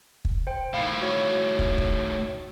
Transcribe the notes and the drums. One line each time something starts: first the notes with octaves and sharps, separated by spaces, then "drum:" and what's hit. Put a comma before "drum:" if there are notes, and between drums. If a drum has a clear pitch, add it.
drum: kick
C5 G5
A2 D#3 F5 B5
F#4 C#5
drum: kick
drum: kick